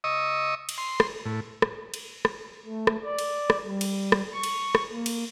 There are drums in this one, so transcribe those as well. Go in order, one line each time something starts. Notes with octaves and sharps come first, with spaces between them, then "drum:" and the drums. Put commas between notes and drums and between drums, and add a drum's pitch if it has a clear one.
D#5 C#6 D#6 E6
drum: cymbal
C6
drum: rim click
A2
drum: rim click
drum: cymbal
drum: rim click
A3
drum: rim click
D5
drum: cymbal
drum: rim click
G3
drum: cymbal
drum: rim click
C#6
drum: cymbal
drum: rim click
A#3
drum: cymbal